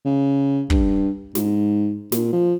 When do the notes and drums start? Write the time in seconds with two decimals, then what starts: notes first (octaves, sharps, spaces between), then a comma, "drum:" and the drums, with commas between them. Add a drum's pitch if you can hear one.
0.05 C#3
0.70 G2, drum: kick
1.35 G#2, drum: snare
2.12 A#2, drum: snare
2.33 F3